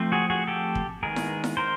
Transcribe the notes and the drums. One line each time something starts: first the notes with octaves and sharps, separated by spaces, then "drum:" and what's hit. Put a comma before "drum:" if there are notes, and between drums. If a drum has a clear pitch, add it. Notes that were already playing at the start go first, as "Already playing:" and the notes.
Already playing: F3 A3 C4
F#4 G#4
F#4 G#4
G4 A4
drum: kick
D#3 G#3 B3 G#4 A#4
drum: snare E4
drum: snare E4
A#4 C5